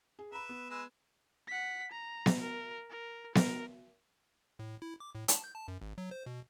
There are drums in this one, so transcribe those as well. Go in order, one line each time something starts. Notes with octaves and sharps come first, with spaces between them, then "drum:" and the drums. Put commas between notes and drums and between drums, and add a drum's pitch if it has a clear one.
G#4
B4 E5 A#5 B5
B3
G#3 B4 E6
F#5 B6
A#5
drum: snare B3
A#4
A#4
A#4, drum: snare B3
A2
E4
D6
A2
A5, drum: hi-hat
G6
A5
F#2
G#1
F#3
C5
B2